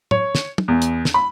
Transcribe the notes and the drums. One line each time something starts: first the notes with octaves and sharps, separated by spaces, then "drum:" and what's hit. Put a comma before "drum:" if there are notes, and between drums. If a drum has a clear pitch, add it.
C#5, drum: tom
drum: snare
drum: tom
E2
drum: hi-hat
drum: snare
B5